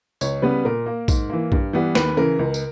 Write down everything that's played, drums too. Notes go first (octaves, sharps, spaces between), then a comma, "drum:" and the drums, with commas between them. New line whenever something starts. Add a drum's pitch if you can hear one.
C#2 C#5, drum: tambourine
C#3 G3 B3 B4
A#2 A#4
A#3
G#2, drum: kick, tambourine
E3 A#3
G2, drum: kick
E3 G3 B3
D#2 B4, drum: snare
C#3 E3 A#4
C#2
drum: tambourine